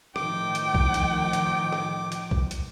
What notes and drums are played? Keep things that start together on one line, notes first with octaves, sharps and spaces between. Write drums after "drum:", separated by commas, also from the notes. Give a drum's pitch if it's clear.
A2 D#3 F3 G5 D6, drum: rim click
drum: hi-hat
drum: kick
drum: hi-hat
drum: hi-hat
drum: rim click
drum: hi-hat
drum: kick
drum: hi-hat